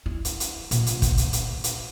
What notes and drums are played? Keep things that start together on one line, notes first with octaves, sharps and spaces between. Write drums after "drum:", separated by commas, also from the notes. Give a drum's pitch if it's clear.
E4
drum: hi-hat
drum: hi-hat
A#2, drum: hi-hat
drum: hi-hat
drum: kick, hi-hat
drum: hi-hat
drum: hi-hat
drum: hi-hat